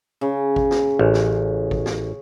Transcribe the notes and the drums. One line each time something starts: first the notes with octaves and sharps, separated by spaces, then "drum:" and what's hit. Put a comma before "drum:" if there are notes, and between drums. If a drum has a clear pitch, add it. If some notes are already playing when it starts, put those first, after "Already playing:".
C#3
drum: kick G#1
drum: snare
A1
drum: snare
drum: kick G#1
drum: snare